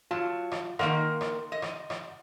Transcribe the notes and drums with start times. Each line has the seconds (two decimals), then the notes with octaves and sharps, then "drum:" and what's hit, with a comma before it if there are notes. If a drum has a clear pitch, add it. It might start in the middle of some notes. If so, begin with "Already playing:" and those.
0.11 F#3 F4 A5
0.52 drum: rim click
0.79 D#3 A#3 A#4 F#5 C6, drum: rim click
1.21 drum: rim click
1.52 D#5
1.62 drum: rim click
1.90 drum: rim click